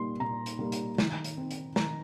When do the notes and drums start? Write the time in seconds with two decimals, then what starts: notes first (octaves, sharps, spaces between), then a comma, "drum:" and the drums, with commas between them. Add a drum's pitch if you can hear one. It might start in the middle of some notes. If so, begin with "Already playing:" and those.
Already playing: A#2 G3 A#3 D#4 C6
0.20 A#2 A#5
0.46 drum: hi-hat
0.59 G3 A#3 D#4
0.72 drum: hi-hat
0.98 D#3, drum: snare
1.24 drum: hi-hat
1.37 C4 D#4
1.51 drum: hi-hat
1.76 D#3 A#5, drum: snare